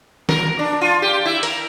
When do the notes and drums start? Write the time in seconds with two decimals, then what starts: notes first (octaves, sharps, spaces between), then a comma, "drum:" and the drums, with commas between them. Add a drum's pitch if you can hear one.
0.29 A#4, drum: snare
0.59 D4
0.81 F4
1.02 G4
1.25 E4
1.43 A#4, drum: hi-hat